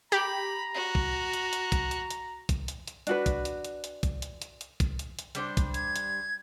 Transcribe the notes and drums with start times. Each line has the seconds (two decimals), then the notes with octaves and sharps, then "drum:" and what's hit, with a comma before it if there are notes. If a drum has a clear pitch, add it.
0.12 G4 A#5 B5
0.75 F#4
0.95 drum: kick
1.33 drum: hi-hat
1.53 drum: hi-hat
1.72 drum: kick, hi-hat
1.91 drum: hi-hat
2.10 drum: hi-hat
2.49 drum: kick, hi-hat
2.68 drum: hi-hat
2.88 drum: hi-hat
3.07 D4 F#4 B4, drum: hi-hat
3.26 drum: kick, hi-hat
3.45 drum: hi-hat
3.65 drum: hi-hat
3.84 drum: hi-hat
4.03 drum: kick, hi-hat
4.22 drum: hi-hat
4.42 drum: hi-hat
4.61 drum: hi-hat
4.80 drum: kick, hi-hat
4.99 drum: hi-hat
5.19 drum: hi-hat
5.35 G3 D4 C5, drum: hi-hat
5.57 drum: kick, hi-hat
5.74 G#6, drum: hi-hat
5.96 drum: hi-hat